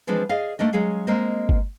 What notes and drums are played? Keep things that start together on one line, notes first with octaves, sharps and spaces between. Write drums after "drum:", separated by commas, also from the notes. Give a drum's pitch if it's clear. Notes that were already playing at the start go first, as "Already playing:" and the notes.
E3 F3 G#3 C4 D4 E4
G#4 D5 D#5 F5
A3 A#3 D4 D#5
F#3 G#3 C#4 G#4 F5
G#3 A#3 C4 A#4 C5 D#5
drum: kick G1